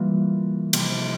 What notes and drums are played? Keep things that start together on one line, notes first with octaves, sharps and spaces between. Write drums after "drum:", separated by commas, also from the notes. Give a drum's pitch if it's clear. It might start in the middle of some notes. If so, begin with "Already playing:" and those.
Already playing: E3 G3 A#3 F4
C3 F3 C4 E4, drum: cymbal